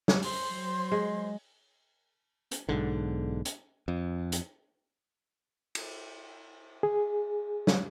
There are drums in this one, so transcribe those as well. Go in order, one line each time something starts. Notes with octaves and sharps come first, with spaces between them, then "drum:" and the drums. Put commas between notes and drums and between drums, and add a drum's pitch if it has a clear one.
drum: snare
C5 C6, drum: open hi-hat
F#3
G#3
drum: hi-hat
B1 G#2 D3
drum: hi-hat
F2
drum: hi-hat
drum: cymbal
G#4
drum: snare